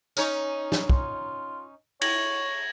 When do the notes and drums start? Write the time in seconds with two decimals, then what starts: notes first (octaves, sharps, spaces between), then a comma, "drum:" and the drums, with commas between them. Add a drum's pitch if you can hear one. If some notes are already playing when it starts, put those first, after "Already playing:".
0.17 C#4 D#4 C#5, drum: tambourine
0.72 drum: snare
0.90 F4, drum: kick
2.01 C#5 G#6 A#6 F#7, drum: cymbal